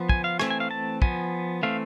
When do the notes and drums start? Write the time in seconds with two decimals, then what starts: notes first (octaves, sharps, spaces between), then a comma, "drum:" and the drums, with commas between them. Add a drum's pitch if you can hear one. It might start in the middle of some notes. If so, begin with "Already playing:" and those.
Already playing: F3 B3
0.09 G#5, drum: kick
0.24 F5
0.40 E3 A3 C4 G#5, drum: rim click
0.50 G#5
0.60 F5
0.71 A5
1.02 F3 B3 G#5, drum: kick
1.63 E3 A3 C4 F5